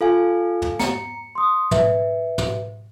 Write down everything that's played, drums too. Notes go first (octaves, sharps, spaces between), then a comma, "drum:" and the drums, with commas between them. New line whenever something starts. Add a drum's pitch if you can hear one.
F4 A4 F5 G#5
drum: tom
A#5 C#7, drum: snare
C6 D#6
B4 E5, drum: tom
drum: tom